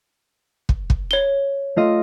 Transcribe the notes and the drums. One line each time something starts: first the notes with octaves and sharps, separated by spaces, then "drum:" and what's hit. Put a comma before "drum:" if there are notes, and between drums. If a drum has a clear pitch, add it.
drum: kick
drum: kick
C#5 G7
A3 F4 D#5